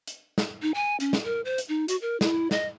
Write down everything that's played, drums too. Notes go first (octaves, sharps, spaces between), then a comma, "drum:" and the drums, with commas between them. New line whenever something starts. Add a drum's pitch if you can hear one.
drum: hi-hat
drum: snare
D#4
G#5
C#4, drum: hi-hat
drum: snare
A#4
C5
drum: hi-hat
D#4
F#4, drum: hi-hat
A#4
E4, drum: snare
D#5, drum: snare